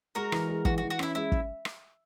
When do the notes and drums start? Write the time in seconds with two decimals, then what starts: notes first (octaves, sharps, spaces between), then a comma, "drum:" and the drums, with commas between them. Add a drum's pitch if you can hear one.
0.15 G#3 F#4 A#4
0.32 E3, drum: rim click
0.48 G#3
0.65 E3 F#4, drum: kick
0.78 F#4
0.82 E3
0.90 F#4
0.99 C#4 E4, drum: rim click
1.15 G#3 E4
1.32 drum: kick
1.65 drum: rim click